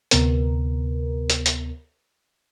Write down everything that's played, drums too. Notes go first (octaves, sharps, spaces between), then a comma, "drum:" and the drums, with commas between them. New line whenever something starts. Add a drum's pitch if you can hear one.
D2 C3 B3 A#4, drum: hi-hat
drum: hi-hat
drum: hi-hat